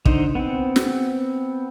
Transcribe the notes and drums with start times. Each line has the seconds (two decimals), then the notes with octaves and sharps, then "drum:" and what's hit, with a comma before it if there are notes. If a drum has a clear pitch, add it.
0.05 D3 D#4 C5, drum: kick
0.35 B3 C4
0.76 drum: snare